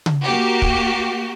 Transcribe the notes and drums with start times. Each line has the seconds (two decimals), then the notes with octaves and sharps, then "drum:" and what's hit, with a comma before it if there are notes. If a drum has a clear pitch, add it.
0.06 drum: tom C#3
0.24 A#3 F#4 G4
0.62 drum: kick